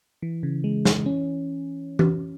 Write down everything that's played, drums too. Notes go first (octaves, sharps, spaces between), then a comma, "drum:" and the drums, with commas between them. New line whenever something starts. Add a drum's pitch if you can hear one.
E3
C#3
G#3
E3, drum: snare
C#4
drum: tom E3